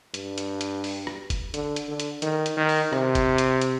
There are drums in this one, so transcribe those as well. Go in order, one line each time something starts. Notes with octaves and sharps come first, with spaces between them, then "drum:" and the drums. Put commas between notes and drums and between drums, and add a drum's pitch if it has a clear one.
G2, drum: hi-hat
drum: hi-hat
drum: hi-hat
drum: open hi-hat
drum: rim click
drum: kick G1, hi-hat
D3, drum: hi-hat
drum: hi-hat
D3
drum: hi-hat
D#3, drum: hi-hat
drum: hi-hat
D#3
drum: open hi-hat
C3, drum: rim click
drum: kick G1, hi-hat
drum: hi-hat
drum: hi-hat